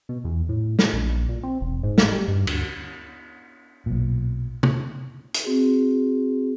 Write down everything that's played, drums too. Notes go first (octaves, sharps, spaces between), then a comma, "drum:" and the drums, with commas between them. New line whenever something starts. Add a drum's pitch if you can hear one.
B2
E2
A2
A2, drum: snare
A#1
A#2
C4
E1
G#2
drum: snare
G3
G2
D2, drum: cymbal
B1 A#2
drum: tom
drum: hi-hat
C4 F#4 G#4